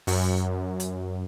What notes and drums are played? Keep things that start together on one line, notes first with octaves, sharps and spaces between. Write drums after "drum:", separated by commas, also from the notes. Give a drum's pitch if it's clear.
F#2, drum: open hi-hat
drum: hi-hat